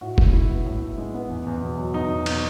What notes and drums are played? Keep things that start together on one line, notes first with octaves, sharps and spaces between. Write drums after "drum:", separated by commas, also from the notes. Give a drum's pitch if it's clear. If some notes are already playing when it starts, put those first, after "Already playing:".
A2 F#4
A2, drum: kick F1
G#3 E4
B3
A2
A2
G#3
B3
E2
E2
B2
F#3
E2 D#4
E2
B2, drum: cymbal